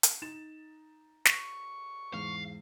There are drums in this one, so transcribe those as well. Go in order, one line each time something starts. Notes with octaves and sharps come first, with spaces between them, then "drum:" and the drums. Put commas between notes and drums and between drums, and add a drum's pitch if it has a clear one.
drum: hi-hat
D#4 A6 E7
C#6, drum: snare
E2 G#2 F5